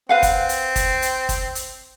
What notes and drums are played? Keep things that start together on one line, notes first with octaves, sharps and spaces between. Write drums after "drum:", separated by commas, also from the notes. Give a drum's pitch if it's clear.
C4 B4 F5 F#5
drum: kick, hi-hat
drum: hi-hat
drum: kick, hi-hat
drum: hi-hat
drum: kick, hi-hat
drum: hi-hat